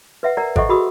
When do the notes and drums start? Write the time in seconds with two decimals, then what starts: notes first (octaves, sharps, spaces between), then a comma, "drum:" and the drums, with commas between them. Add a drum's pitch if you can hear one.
0.23 B4 E5 F#5
0.37 A#4 D5 F#5 A#5
0.56 A4 C5 D#5 E5 F#5 C#6, drum: kick G#1
0.69 F#4 G#4 A#4 B5 D#6 E6